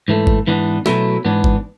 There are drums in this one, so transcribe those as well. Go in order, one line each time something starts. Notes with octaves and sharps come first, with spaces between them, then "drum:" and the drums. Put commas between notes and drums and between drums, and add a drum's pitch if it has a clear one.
G#2 E3 A3
drum: kick G#1
G#2 E3 B3 D4
B2 F#3 A3 E4, drum: snare
G#2 E3 B3 D4
drum: kick G#1